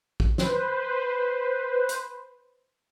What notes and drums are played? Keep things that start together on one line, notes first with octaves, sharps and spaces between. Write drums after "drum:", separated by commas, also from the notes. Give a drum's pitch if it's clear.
drum: kick A1
B4 C5, drum: snare
drum: hi-hat